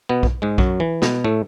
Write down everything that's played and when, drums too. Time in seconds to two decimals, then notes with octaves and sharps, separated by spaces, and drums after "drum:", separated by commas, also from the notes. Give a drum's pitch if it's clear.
0.09 B2 B3
0.23 drum: kick B1
0.42 G#2 G#3
0.58 F#2 F#3, drum: kick B1
0.80 E3
1.02 B2 B3, drum: snare
1.24 A2 A3